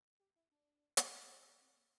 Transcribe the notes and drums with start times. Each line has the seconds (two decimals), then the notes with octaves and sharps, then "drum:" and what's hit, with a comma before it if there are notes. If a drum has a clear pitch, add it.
0.20 G4
0.36 E4
0.51 D4
0.97 drum: hi-hat
1.62 C4
1.77 A#3